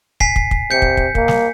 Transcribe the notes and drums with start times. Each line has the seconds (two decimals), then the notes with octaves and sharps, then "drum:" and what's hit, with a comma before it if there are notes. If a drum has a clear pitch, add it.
0.20 G#5 B6 C7, drum: kick
0.36 drum: kick
0.51 drum: kick
0.71 C3 G6 C#7
0.82 drum: kick
0.97 drum: kick
1.15 A#3, drum: kick
1.28 drum: snare